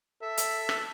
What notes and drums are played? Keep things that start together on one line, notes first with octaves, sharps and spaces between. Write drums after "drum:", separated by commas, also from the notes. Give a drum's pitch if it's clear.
A4 E5
drum: hi-hat
drum: rim click